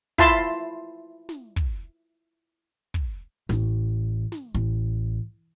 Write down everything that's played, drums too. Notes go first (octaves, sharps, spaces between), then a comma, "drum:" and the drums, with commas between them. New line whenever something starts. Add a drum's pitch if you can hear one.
E4 F4 A5 C6, drum: kick
drum: snare
drum: kick
drum: kick
A1, drum: snare
drum: snare
A1